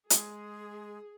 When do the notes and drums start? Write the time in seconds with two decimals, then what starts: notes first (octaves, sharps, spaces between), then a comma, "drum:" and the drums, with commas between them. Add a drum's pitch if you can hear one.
0.10 G#3 G#4, drum: hi-hat